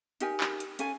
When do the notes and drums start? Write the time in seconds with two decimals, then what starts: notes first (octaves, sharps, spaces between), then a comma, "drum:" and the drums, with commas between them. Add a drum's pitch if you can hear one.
0.21 D#4 G4 A#4 G#5, drum: hi-hat
0.40 drum: clap
0.60 drum: hi-hat
0.79 C#4 A4 F5 G#5, drum: hi-hat